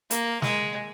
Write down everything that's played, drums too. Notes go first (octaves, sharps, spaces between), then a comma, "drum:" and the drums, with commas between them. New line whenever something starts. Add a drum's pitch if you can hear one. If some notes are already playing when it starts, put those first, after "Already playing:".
A#3, drum: hi-hat
G#3, drum: snare